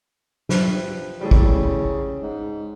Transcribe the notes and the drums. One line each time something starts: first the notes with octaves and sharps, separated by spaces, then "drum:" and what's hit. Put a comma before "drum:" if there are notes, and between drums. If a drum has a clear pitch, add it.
C3 F3 B4, drum: snare
A1 C#3 G3 G#4 A4
drum: kick
G#2